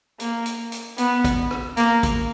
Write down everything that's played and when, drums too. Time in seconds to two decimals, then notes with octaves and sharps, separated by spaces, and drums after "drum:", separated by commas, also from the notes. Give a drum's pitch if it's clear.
0.20 A#3, drum: hi-hat
0.46 drum: hi-hat
0.72 drum: hi-hat
0.98 B3, drum: hi-hat
1.24 drum: kick, hi-hat
1.51 drum: rim click
1.77 A#3, drum: hi-hat
2.03 drum: kick, hi-hat